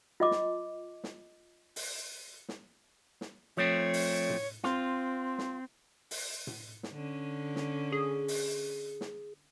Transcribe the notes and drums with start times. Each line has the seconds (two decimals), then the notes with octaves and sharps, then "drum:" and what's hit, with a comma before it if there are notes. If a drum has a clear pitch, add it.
0.20 F4 D#5 D6
0.31 drum: snare
1.04 drum: snare
1.76 drum: open hi-hat
2.49 drum: snare
3.21 drum: snare
3.57 F3 A3 C4 C#5
3.93 drum: open hi-hat
4.30 drum: tom A2
4.64 C4 F4, drum: snare
5.38 drum: snare
6.11 drum: open hi-hat
6.47 drum: tom A2
6.83 drum: snare
6.92 D3 C#4
7.56 drum: snare
7.92 G#4
8.28 drum: open hi-hat
9.01 drum: snare